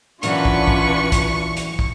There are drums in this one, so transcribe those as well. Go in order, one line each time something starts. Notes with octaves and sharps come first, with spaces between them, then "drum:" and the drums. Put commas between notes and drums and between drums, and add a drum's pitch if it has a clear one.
A#2 E3 F#3 C#4 D4 F4 B4 C#6, drum: hi-hat
drum: kick
drum: kick
drum: kick, hi-hat
drum: hi-hat
drum: kick